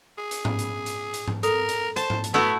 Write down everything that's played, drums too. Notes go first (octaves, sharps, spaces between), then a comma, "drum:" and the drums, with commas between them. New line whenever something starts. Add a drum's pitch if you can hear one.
G#4
drum: hi-hat
drum: tom G#2
drum: hi-hat
drum: hi-hat
drum: hi-hat
drum: tom G#2
A4 A#4, drum: hi-hat
drum: hi-hat
C5 A5, drum: hi-hat
drum: tom G#2
drum: hi-hat
A3 B3 E4 F#4